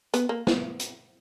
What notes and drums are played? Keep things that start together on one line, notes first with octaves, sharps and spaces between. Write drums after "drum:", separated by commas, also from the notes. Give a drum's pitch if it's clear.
B3, drum: hi-hat
A#3
B3, drum: snare
drum: hi-hat